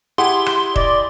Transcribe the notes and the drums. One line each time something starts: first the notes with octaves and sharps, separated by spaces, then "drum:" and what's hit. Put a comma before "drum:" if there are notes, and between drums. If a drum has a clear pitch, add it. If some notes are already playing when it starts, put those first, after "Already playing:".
E4 G4 G#4 F#5 C6
drum: rim click
D5 D#5, drum: kick D#1